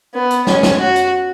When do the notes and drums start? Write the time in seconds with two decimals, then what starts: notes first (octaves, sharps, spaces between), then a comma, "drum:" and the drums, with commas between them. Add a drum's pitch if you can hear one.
0.14 B3
0.30 drum: hi-hat
0.47 C#4, drum: snare
0.63 drum: snare
0.79 F#4
0.96 drum: hi-hat